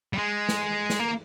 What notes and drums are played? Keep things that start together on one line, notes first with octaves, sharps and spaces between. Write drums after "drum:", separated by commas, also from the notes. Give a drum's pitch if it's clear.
G3
G#3
drum: snare
drum: snare
A#3